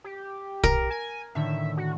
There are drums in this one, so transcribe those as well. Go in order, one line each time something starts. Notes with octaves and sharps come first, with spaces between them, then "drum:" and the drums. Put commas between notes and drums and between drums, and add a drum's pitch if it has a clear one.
G4
A#4, drum: kick
G#5
A2 D3 D#3 E5
F#4